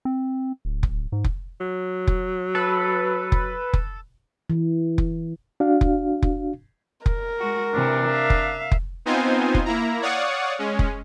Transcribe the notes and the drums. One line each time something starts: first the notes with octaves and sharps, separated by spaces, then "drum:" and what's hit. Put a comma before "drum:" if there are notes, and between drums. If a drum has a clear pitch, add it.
C4
D1
drum: kick F1
G#2
drum: kick F1
F#3
drum: kick F1
A4 B4
drum: kick F1
drum: kick F1
E3
drum: kick F1
D4 F#4 F5
drum: kick F1
drum: kick F1
A#4, drum: kick F1
G#3 F#4
C3 E3 D4
E5 F5
drum: kick F1
drum: kick F1
B3 C4 D#4 F4 C5 G#5
drum: kick F1
A#3 E4 A#5
C#5 D5 F5 F#5 C#6 D#6
G#3 C#4
drum: kick F1